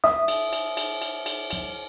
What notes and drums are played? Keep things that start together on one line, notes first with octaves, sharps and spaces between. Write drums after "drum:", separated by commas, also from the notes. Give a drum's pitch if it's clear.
E5 D#6, drum: snare
drum: cymbal
drum: cymbal
drum: cymbal
drum: cymbal
drum: cymbal
drum: cymbal